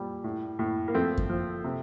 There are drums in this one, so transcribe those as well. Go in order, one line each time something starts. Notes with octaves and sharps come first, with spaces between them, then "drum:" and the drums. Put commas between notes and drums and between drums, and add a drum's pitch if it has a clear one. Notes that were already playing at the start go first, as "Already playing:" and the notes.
Already playing: A#2 G3
A2
A2
A#3
F3 A3 C4
drum: kick F#2
F3
C3